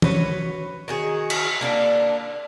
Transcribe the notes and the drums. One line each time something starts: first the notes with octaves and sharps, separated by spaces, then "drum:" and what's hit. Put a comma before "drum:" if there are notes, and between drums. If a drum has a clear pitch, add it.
F#4 B4 C#5, drum: tom
D#3 F#4 G#4
drum: cymbal
A#3 D4 E4